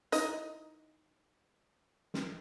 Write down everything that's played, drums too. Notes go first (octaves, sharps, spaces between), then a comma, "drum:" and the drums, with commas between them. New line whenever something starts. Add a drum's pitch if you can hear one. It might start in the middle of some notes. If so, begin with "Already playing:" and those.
D#4 E4 D#5, drum: hi-hat
drum: snare